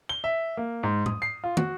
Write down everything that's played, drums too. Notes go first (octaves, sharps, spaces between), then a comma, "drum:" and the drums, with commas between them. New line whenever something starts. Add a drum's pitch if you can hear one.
G7
E5
A#3
G#2
D#6, drum: tom A2
C7
F4
F#4, drum: tom